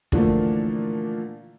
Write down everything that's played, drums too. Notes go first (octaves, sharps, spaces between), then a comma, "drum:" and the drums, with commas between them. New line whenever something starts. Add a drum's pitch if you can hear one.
A#2 D3 E3 F3 A3 A#3, drum: kick